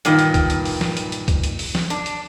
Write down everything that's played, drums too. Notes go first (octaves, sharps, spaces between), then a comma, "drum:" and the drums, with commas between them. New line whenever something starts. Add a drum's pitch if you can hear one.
G2 A#2 D#3, drum: hi-hat
drum: hi-hat
drum: kick, hi-hat
drum: hi-hat
drum: open hi-hat
drum: snare
drum: hi-hat
drum: hi-hat
drum: kick, hi-hat
drum: hi-hat
drum: open hi-hat
drum: snare
D4, drum: hi-hat
drum: hi-hat